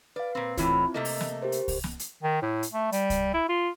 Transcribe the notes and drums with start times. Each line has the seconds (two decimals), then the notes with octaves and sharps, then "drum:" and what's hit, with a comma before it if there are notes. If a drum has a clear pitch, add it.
0.16 B4 D5 F5
0.35 A#2 C4
0.57 A2 E3 C4 E4 F4 C#5, drum: kick C2, hi-hat
0.94 C3 A3 A#3 D#5
1.05 drum: open hi-hat
1.21 drum: snare
1.42 G4 A#4 C5
1.52 drum: hi-hat
1.68 drum: kick C2, open hi-hat
1.84 drum: snare
1.99 drum: hi-hat
2.23 D#3
2.42 A2
2.63 drum: hi-hat
2.73 A3
2.92 G3, drum: hi-hat
3.10 drum: kick C2, hi-hat
3.34 E4
3.49 F4